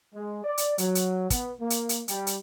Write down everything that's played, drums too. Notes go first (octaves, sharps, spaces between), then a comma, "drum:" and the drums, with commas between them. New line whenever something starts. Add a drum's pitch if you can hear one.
G#3
D5
drum: hi-hat
F#3, drum: hi-hat
drum: hi-hat
B3, drum: kick, hi-hat
A#3
drum: hi-hat
drum: hi-hat
G3, drum: hi-hat
drum: hi-hat